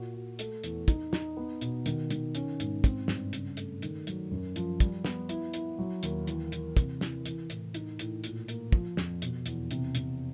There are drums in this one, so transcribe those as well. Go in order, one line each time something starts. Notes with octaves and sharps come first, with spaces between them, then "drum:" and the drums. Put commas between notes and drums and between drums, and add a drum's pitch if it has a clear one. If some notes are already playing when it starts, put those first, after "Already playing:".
Already playing: A#2 F#4
F#4
A3, drum: hi-hat
E2, drum: hi-hat
D#4, drum: kick, hi-hat
D#4, drum: snare
B3
B2, drum: hi-hat
D#3, drum: hi-hat
D#3, drum: hi-hat
C#4, drum: hi-hat
G#2, drum: hi-hat
C4, drum: kick, hi-hat
G2, drum: snare
C#3, drum: hi-hat
A3, drum: hi-hat
D#3, drum: hi-hat
F#3, drum: hi-hat
F#2
F3, drum: hi-hat
G3, drum: kick, hi-hat
B3, drum: snare
E4, drum: hi-hat
E4, drum: hi-hat
F#3
D#2, drum: hi-hat
E3, drum: hi-hat
E3, drum: hi-hat
C3, drum: kick, hi-hat
E3, drum: snare
E3, drum: hi-hat
A2, drum: hi-hat
D#4, drum: hi-hat
A2, drum: hi-hat
A#2, drum: hi-hat
A#3, drum: hi-hat
F3, drum: kick
F2, drum: snare
B2, drum: hi-hat
E2, drum: hi-hat
C3, drum: hi-hat
C3, drum: hi-hat